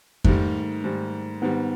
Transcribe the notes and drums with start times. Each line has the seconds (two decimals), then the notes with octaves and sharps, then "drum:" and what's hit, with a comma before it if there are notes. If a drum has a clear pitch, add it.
0.24 G#2 D#3 G3 A3, drum: kick F2
0.84 G#2 D#3 G3
1.42 G#2 D#3 G3 B3